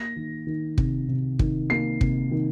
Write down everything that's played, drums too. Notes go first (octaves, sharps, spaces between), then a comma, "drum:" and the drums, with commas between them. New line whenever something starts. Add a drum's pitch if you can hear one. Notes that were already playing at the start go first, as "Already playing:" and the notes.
Already playing: A#3 A#6
D#3
D#3
C3, drum: kick
C3
D#3, drum: kick
A#3 C7
C3, drum: kick
D#3